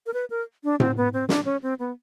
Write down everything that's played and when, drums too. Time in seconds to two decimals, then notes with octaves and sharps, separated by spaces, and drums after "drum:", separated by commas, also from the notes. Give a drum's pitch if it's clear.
0.06 A#4
0.14 B4
0.30 A#4
0.64 D4
0.80 C4, drum: tom A2
0.97 B3
1.13 C4
1.29 D4, drum: snare
1.45 C#4
1.62 C4
1.79 B3